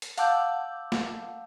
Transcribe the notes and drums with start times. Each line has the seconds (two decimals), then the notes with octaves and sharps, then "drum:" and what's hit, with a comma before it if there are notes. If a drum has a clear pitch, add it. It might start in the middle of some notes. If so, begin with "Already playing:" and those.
0.02 drum: hi-hat
0.18 F5 F#5 A5 D6 E6 G6, drum: hi-hat
0.92 drum: snare